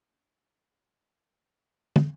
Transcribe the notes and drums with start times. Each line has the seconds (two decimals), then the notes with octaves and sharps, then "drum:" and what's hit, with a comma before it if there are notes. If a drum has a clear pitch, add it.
0.09 A#3 C#4 D4
1.96 drum: tom